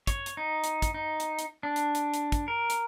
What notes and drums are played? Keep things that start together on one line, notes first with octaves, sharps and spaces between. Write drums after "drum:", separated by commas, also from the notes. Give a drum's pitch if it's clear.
C#5, drum: kick, hi-hat
drum: hi-hat
D#4
drum: hi-hat
drum: kick, hi-hat
D#4
drum: hi-hat
drum: hi-hat
D4
drum: hi-hat
drum: hi-hat
drum: hi-hat
drum: kick, hi-hat
A#4
drum: hi-hat